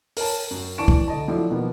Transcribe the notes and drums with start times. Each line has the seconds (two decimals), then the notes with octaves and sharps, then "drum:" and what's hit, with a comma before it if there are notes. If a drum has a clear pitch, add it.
0.17 A#4 C#5 A5, drum: open hi-hat
0.51 F#2
0.78 E3 D4 A5 C#6 D7 E7
0.88 drum: kick
1.08 D2 D#5 A5
1.28 F3 F#3 A3 D4 E4
1.50 B2 D#3 F3 A#3 B3